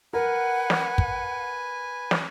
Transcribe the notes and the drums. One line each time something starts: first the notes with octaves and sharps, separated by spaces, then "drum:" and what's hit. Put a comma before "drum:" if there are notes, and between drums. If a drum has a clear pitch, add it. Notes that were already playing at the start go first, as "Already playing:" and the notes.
A#4 B4 F#5 G#5
drum: snare
drum: kick
drum: snare